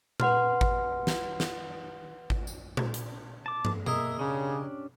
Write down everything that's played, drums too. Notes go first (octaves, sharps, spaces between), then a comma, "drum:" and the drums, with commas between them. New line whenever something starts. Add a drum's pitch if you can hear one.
B4 F#5 C6 F6, drum: tom A#2
drum: kick G#1
drum: snare
drum: snare
drum: kick G#1
drum: tambourine
drum: tom A#2
drum: hi-hat
A5 D6
drum: tom
A#3 G#4 A#4 D#5 E5, drum: tom B2
C#3 C#4 D4 G4